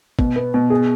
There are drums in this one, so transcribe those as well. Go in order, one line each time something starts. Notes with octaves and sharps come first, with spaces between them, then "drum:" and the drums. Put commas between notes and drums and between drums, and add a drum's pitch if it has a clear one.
B2, drum: kick
B3
B2
G#4